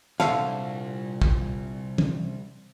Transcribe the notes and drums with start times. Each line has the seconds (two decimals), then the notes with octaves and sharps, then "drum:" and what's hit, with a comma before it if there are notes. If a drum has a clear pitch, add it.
0.20 C2 A#2 D3 A3 F5, drum: snare
1.22 drum: kick
1.98 drum: tom